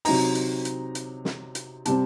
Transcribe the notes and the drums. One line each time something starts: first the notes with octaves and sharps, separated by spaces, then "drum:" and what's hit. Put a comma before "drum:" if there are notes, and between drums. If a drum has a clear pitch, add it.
C3 F#3 C4 D#4 A#5, drum: open hi-hat
drum: hi-hat
drum: hi-hat
drum: hi-hat
drum: snare
drum: hi-hat
C3 G3 C4 A5, drum: hi-hat